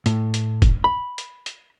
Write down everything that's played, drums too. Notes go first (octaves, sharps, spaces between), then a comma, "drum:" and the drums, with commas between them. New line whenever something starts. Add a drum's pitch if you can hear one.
A2, drum: hi-hat
drum: hi-hat
drum: kick, hi-hat
B5
drum: hi-hat
drum: hi-hat